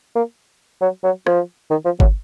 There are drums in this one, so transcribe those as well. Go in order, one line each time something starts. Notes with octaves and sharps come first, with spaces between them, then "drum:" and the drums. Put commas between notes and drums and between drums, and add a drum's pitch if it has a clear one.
A#3
F#3
F#3
F3, drum: rim click
D#3
F3
F#3, drum: kick G1